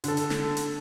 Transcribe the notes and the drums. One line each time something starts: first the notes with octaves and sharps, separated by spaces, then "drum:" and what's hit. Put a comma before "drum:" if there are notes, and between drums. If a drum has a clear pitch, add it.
D3 A4, drum: hi-hat
drum: hi-hat
drum: snare
drum: hi-hat